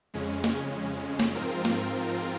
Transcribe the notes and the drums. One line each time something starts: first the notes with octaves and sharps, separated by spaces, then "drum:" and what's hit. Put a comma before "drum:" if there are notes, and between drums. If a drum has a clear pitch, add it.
F2 C#3 G#3 C#4
drum: snare
drum: snare
G#2 F3 C4 F4 A#4
drum: snare